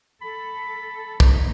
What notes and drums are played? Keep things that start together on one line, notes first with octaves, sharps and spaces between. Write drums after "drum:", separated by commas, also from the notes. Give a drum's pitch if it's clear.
A4 B5
E3 A#3 D#4, drum: kick